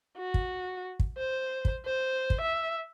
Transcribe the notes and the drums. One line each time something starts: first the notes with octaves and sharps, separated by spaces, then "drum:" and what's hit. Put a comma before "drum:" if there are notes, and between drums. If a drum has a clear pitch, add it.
F#4
drum: kick
drum: kick
C5
drum: kick
C5
drum: kick
E5